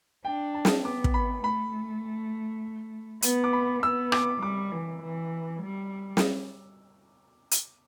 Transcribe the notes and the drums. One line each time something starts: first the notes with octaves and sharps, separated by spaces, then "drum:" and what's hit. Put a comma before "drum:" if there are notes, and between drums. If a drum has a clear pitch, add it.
D4 G5
A5
drum: snare
B3 D6
drum: kick
B5
A3 B5
B3, drum: hi-hat
D6
B5
B3 E6
D6, drum: rim click
G3 D6
E3
E3
G3
drum: snare
drum: hi-hat